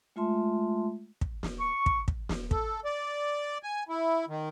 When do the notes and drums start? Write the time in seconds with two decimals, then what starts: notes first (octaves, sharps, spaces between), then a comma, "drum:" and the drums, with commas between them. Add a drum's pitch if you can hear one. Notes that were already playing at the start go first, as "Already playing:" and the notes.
0.16 G#3 A3 F4 E5 A5 C6
1.21 drum: kick
1.43 drum: snare
1.60 C#6
1.86 drum: kick
2.08 drum: kick
2.29 drum: snare
2.51 A4, drum: kick
2.85 D5
3.63 G#5
3.89 E4
4.29 D#3